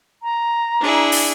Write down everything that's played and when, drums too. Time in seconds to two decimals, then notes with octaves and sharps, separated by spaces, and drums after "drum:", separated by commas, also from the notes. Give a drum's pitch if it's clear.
0.23 A#5
0.80 D4 E4 G#4
1.12 drum: open hi-hat